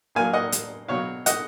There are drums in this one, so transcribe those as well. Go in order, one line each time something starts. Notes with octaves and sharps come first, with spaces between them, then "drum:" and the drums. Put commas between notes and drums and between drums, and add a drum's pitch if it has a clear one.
A#2 F#3 F5 G#5
D#5 F#5
drum: hi-hat
B2 F#3 C#5 F5
D#5 F#5, drum: hi-hat